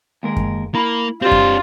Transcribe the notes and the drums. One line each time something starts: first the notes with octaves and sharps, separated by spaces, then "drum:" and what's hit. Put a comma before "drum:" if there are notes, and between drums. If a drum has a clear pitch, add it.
D#2 G#3 A#4
drum: kick F#2
A#3 E4 B5
C4 D4 F4 G4
drum: kick F#2